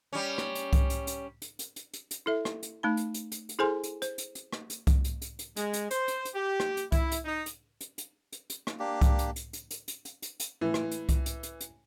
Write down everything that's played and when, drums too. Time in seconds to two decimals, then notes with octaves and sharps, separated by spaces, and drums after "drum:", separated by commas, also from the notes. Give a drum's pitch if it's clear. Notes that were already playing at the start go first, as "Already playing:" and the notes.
0.13 G3 C#4
0.38 drum: rim click
0.55 drum: hi-hat
0.73 drum: kick C2, hi-hat
0.90 drum: hi-hat
1.07 drum: hi-hat
1.42 drum: hi-hat
1.59 drum: hi-hat
1.76 drum: hi-hat
1.94 drum: hi-hat
2.11 drum: hi-hat
2.26 E4 A4 E5
2.45 drum: rim click
2.63 drum: hi-hat
2.83 A3 D#4 B5
2.97 drum: hi-hat
3.14 drum: hi-hat
3.32 drum: hi-hat
3.49 drum: hi-hat
3.59 E4 G#4 A4 C5 G#5 C6
3.83 drum: hi-hat
4.02 C5, drum: hi-hat
4.18 drum: hi-hat
4.35 drum: hi-hat
4.53 drum: rim click
4.70 drum: hi-hat
4.87 drum: kick C2, hi-hat
5.04 drum: hi-hat
5.22 drum: hi-hat
5.39 drum: hi-hat
5.56 G#3, drum: hi-hat
5.73 drum: hi-hat
5.91 C5, drum: hi-hat
6.08 drum: hi-hat
6.25 drum: hi-hat
6.35 G4
6.60 drum: rim click
6.77 drum: hi-hat
6.92 E4, drum: kick C2, hi-hat
7.12 drum: hi-hat
7.25 D#4
7.46 drum: hi-hat
7.81 drum: hi-hat
7.98 drum: hi-hat
8.32 drum: hi-hat
8.50 drum: hi-hat
8.67 drum: rim click
8.80 A#3 D4 G4
9.01 drum: kick C2, hi-hat
9.19 drum: hi-hat
9.36 drum: hi-hat
9.53 drum: hi-hat
9.71 drum: hi-hat
9.88 drum: hi-hat
10.05 drum: hi-hat
10.22 drum: hi-hat
10.40 drum: hi-hat
10.61 A2 E3
10.74 drum: rim click
10.91 drum: hi-hat
11.09 drum: kick C2, hi-hat
11.26 drum: hi-hat
11.43 drum: hi-hat
11.61 drum: hi-hat